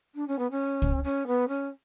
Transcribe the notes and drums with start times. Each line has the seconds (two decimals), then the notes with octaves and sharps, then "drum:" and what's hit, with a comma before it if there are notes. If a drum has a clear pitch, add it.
0.15 D4
0.27 C#4
0.38 B3
0.51 C#4
0.82 drum: kick
1.04 C#4
1.27 B3
1.48 C#4